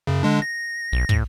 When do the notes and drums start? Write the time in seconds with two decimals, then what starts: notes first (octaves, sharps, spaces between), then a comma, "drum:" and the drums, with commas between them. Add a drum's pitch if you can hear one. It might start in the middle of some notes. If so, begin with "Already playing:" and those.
0.07 F#2 C#3
0.23 D3 G#3 D4
0.42 A#6
0.92 B1
1.09 A2, drum: kick